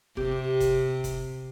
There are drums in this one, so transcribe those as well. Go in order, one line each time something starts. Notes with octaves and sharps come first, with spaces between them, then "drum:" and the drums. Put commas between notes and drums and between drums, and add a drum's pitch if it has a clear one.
C3 G4, drum: kick F1
drum: kick F1, hi-hat
drum: kick F1, hi-hat